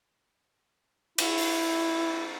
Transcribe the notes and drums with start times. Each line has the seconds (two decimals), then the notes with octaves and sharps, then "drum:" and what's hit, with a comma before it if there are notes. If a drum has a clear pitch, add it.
1.18 E4, drum: cymbal
1.38 drum: open hi-hat